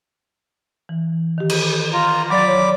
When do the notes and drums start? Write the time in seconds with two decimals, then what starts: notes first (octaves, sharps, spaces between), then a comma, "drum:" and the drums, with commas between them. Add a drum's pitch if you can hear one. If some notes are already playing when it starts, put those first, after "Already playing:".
0.89 E3
1.38 D#3 G4
1.49 drum: cymbal
1.93 F4 A#5
2.30 F#3 D5 B5 D6 A6
2.48 C#5